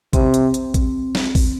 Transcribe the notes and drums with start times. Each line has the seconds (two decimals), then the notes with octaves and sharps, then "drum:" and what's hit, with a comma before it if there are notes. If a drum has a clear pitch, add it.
0.13 C3 C4, drum: kick, hi-hat
0.34 drum: hi-hat
0.54 drum: hi-hat
0.74 drum: kick, hi-hat
1.15 drum: snare
1.35 drum: kick, open hi-hat